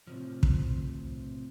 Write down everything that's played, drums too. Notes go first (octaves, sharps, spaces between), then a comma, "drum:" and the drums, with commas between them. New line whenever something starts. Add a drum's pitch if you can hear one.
A2 C3 F3
drum: kick